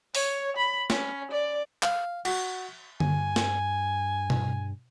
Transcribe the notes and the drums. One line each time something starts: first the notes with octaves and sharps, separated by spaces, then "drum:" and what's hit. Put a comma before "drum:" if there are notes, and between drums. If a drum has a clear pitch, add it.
C#5, drum: open hi-hat
B5
C#4, drum: snare
D5
F5, drum: clap
F#4, drum: cymbal
G2 G#5, drum: tom D3
drum: snare
drum: tom B2